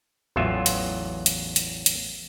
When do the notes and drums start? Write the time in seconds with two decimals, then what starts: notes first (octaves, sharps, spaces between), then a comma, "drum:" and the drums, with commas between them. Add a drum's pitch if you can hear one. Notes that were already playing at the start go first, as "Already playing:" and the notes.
0.36 A1 E2 F#3 F4 E5
0.66 drum: hi-hat
1.26 drum: hi-hat
1.56 drum: hi-hat
1.86 drum: hi-hat